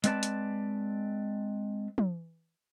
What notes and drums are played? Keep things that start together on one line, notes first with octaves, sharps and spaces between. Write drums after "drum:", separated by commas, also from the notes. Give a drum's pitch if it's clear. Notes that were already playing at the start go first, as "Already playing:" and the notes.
G#3 C4 B4 D5 A5, drum: hi-hat
drum: hi-hat
drum: tom